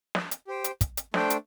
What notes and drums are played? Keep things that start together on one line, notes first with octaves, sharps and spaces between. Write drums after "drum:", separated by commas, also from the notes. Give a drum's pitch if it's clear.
drum: snare
drum: hi-hat
G4 C5 G5
drum: hi-hat
drum: kick, hi-hat
drum: hi-hat
A3 D4 C5 G5, drum: snare
drum: hi-hat